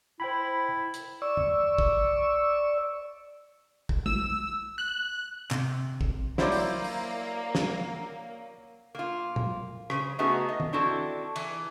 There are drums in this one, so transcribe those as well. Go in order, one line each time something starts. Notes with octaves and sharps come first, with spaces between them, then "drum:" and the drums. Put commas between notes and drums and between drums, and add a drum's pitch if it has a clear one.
E4 C5 G5 B5
drum: hi-hat
D5 C#6 E6
drum: tom
drum: kick
drum: kick
E6, drum: tom
F#6
C3, drum: clap
drum: kick
F#3 A#3 E4 C5 D5 D6, drum: snare
drum: open hi-hat
drum: open hi-hat
drum: snare
A#3 F4
drum: tom
C#3, drum: rim click
A3 B3 C#4 D#4 F#4 G#4
D#5
drum: tom
C4 D4 E4 F#4 A4
E3, drum: cymbal